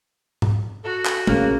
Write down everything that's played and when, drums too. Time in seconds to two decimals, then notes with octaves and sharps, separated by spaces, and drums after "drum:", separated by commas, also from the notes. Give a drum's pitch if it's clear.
0.42 drum: tom G#2
0.84 F#4 A4
1.05 drum: clap
1.27 A1 C#3 A#3, drum: tom